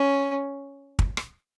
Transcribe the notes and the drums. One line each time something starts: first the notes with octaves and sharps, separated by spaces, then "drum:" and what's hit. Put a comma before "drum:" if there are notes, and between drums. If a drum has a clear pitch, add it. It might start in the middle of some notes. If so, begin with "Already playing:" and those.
Already playing: C#4
drum: kick
drum: rim click